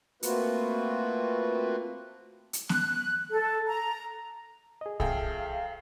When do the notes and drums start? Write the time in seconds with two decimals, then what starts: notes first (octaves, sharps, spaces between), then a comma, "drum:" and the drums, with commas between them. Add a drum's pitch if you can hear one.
0.23 A3 A#3 C4 F4 F#4 B4, drum: hi-hat
2.53 drum: hi-hat
2.69 F#6, drum: snare B3
3.30 A4
3.68 A#5
4.81 G#4 D#5
5.00 F2 G#4 A4 E5 F5 G5, drum: kick